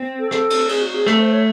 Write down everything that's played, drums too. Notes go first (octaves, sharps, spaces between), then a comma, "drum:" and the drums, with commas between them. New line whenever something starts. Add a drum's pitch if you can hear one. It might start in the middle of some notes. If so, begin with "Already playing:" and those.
Already playing: C4
A4
A4, drum: rim click
drum: cymbal
G#4, drum: cymbal
F#4
G#4
A3 A4, drum: rim click
C5
C#5